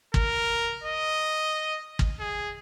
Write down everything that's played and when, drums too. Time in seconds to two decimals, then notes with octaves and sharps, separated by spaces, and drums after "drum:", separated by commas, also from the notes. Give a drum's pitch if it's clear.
0.14 A#4, drum: kick
0.84 D#5
1.99 drum: kick
2.20 G#4